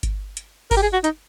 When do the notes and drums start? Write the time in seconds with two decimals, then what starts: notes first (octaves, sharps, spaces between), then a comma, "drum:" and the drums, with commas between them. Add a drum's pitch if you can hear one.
0.03 drum: kick G1, hi-hat
0.37 drum: hi-hat
0.71 A#4, drum: kick G1, open hi-hat
0.77 G4
0.82 G#4
0.93 F#4
1.04 D#4, drum: hi-hat